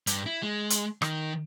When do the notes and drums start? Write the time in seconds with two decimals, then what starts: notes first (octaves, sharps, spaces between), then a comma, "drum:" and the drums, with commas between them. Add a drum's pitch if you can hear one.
0.07 G2, drum: hi-hat
0.26 E4
0.43 G#3
0.70 drum: hi-hat
1.02 D#3, drum: rim click